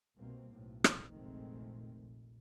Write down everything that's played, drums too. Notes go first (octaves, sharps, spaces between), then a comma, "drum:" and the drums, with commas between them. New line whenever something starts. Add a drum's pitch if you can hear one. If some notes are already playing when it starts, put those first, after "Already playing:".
C2 B2 A#3 C4
B1 A2
drum: rim click
F1 A#1 D#3 G#3 A3 C4
A#1